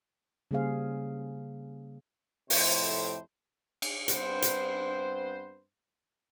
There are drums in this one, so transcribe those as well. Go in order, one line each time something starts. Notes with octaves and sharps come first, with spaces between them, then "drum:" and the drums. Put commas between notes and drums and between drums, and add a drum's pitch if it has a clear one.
C#3 G3 A#3 G#4 C5 F5
F2 A2 C3 C5, drum: open hi-hat
drum: cymbal
G2 B3 C4 B4 C5, drum: hi-hat
drum: hi-hat